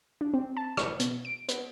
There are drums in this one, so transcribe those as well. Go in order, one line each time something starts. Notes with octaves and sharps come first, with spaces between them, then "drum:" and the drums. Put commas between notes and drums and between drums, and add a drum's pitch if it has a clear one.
D4
C4
A5
C#6, drum: rim click
B2, drum: hi-hat
D7
B3, drum: hi-hat